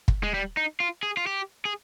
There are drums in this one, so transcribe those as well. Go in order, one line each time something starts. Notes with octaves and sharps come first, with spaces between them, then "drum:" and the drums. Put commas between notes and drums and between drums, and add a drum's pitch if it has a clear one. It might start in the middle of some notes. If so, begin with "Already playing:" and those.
drum: kick
G#3
G3
D#4
F4
G#4
F4
G4
G#4